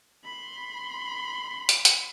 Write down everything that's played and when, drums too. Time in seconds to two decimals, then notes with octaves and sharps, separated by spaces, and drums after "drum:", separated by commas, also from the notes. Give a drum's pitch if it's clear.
0.25 B5 C6
1.69 drum: hi-hat
1.85 drum: hi-hat